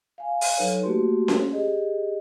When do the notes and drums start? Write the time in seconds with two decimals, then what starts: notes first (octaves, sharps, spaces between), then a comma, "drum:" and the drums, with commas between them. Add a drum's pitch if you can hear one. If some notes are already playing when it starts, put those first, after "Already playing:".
0.18 F5 G#5
0.41 drum: open hi-hat
0.57 F#3 D#4 A4 B4 C#5
0.83 A3 A#3 F#4 G4 C6
1.28 drum: snare C#4
1.52 G4 G#4 D#5